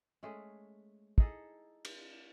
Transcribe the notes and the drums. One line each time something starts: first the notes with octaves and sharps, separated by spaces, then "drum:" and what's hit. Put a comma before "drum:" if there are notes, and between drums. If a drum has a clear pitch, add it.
G#3 A3 C#4 G#4
D#4 E4 G#4 A4, drum: kick
drum: cymbal